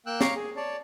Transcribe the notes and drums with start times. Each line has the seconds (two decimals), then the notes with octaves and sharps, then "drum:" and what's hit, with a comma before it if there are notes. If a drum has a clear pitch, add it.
0.06 A#3 G5 E6 F#6
0.21 C#5 F5 A#5 C#6 D6, drum: snare
0.36 G#4
0.57 C#5 D5 A5